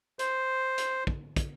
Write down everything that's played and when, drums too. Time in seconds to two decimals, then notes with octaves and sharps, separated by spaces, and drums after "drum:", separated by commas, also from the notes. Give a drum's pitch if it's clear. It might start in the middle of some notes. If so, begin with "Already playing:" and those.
0.19 C5, drum: hi-hat
0.78 drum: hi-hat
1.07 drum: kick
1.36 drum: kick, hi-hat